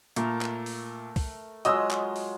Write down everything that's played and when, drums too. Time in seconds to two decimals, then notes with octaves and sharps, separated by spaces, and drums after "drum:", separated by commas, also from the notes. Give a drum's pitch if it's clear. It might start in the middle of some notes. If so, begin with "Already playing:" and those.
0.16 A#2 A3 A#4 E5, drum: hi-hat
0.41 drum: clap
0.66 drum: open hi-hat
1.16 drum: kick C2, open hi-hat
1.65 F#3 G#3 F4 D#5 D#6 E6, drum: hi-hat
1.91 drum: clap
2.16 drum: open hi-hat